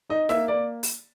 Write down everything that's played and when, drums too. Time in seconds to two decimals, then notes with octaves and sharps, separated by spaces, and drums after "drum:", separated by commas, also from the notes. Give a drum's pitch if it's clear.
0.09 D#4 D#5
0.29 A#3 E5, drum: snare
0.48 A#3 D5
0.83 drum: open hi-hat